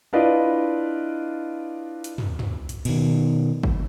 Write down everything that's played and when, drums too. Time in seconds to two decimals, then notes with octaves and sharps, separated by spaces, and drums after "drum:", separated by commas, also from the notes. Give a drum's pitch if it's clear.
0.13 D4 E4 F4 B4 D5 D#5
2.04 drum: hi-hat
2.18 drum: tom
2.39 drum: tom
2.69 drum: hi-hat
2.85 B2 D#3, drum: cymbal
3.63 drum: kick G1